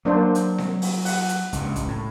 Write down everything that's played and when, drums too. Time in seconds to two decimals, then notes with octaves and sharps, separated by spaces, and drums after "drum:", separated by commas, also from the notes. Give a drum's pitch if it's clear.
0.05 F#3 A#3 D4 C5
0.35 drum: hi-hat
0.58 drum: snare C4
0.82 drum: open hi-hat
1.05 F#5, drum: open hi-hat
1.29 drum: hi-hat
1.53 C#2 G2, drum: hi-hat
1.76 drum: kick, hi-hat
1.88 A2